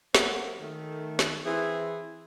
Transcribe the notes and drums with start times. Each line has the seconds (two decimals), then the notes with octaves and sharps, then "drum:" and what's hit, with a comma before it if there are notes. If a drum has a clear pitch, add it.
0.15 F#3 A#3 C4 C#4 F#4 G4, drum: snare
0.60 D#3 A3
1.19 drum: snare
1.45 E3 C4 G#4